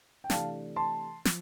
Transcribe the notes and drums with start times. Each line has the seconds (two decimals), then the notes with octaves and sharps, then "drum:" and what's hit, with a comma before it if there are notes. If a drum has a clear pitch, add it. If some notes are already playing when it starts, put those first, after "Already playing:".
0.24 G5
0.30 C3 E3 A3 D4 F5 A5, drum: snare
0.76 A5 C6
1.25 F3, drum: snare